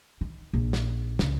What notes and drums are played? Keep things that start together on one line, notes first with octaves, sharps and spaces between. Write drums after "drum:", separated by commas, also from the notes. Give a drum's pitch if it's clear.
D#3
A#1
drum: snare
C#2, drum: snare